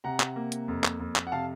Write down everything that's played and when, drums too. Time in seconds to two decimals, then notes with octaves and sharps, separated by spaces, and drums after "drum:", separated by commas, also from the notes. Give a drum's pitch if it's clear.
0.04 C3 F#5 A#5
0.20 drum: clap
0.36 A#3
0.52 drum: hi-hat
0.68 F2
0.84 drum: clap
1.00 F2
1.16 drum: clap
1.27 F#5
1.32 C3 F5 A5